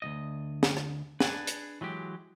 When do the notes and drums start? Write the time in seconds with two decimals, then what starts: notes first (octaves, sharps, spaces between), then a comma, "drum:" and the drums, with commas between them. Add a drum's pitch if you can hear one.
0.02 D2 G2 D#5
0.63 drum: snare
0.77 drum: rim click
1.20 D4 G#4 B4, drum: snare
1.47 drum: hi-hat
1.81 E3 F#3 G#3 G4